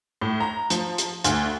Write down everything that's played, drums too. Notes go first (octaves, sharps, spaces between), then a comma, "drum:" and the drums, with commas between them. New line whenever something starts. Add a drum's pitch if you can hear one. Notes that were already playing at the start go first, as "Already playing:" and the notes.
A2
A#5
F3, drum: hi-hat
drum: hi-hat
D2, drum: hi-hat